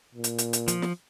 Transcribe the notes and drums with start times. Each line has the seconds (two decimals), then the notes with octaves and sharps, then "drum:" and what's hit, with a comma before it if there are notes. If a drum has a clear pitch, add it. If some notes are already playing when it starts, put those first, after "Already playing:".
0.14 A#2
0.24 drum: hi-hat
0.38 drum: hi-hat
0.53 drum: hi-hat
0.68 F3, drum: hi-hat
0.82 drum: snare